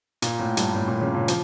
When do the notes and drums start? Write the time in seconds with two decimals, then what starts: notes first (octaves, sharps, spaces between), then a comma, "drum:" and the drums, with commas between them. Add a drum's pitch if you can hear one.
0.22 A#2, drum: hi-hat
0.39 A2
0.57 G2, drum: hi-hat
0.75 A2
0.88 A#2
1.01 C#3
1.14 A#2
1.28 F3, drum: hi-hat